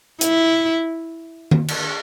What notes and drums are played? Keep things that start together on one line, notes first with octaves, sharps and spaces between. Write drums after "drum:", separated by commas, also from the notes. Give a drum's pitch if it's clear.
E4, drum: hi-hat
drum: tom D#3
drum: cymbal